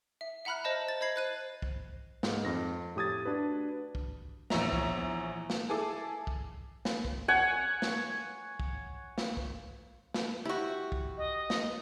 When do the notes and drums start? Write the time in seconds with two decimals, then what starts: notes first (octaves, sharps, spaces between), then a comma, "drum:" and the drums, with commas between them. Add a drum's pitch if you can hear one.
0.21 E5
0.45 E5 F#5 A#5 B5 F6 F#6
0.64 C5 D#5 A5
0.88 A6
1.01 C5 D#5 B5 G#6 C7 F#7
1.16 C5 F#6 D#7
1.62 drum: kick
2.23 G#2, drum: snare
2.45 F2 A#6
2.96 A2 G4 D#6 G#6 A6
3.26 D4 F#4 B4
3.95 drum: kick
4.50 A#1 E2 C#5 E5 A#5, drum: snare
4.72 drum: kick
5.50 drum: snare
5.69 E4 G#4 A4 D6
6.27 drum: kick
6.85 drum: snare
7.05 drum: kick
7.28 C#5 F#5 G#5
7.82 drum: snare
8.60 drum: kick
9.18 drum: snare
9.37 drum: kick
10.14 drum: snare
10.45 E4 F#4 G4
10.92 drum: kick
11.17 D#5
11.50 drum: snare